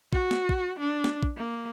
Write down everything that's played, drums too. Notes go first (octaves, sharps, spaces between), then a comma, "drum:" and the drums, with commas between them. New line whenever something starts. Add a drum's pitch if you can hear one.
F#4, drum: kick
drum: snare
drum: kick
D4
drum: snare
drum: kick
A#3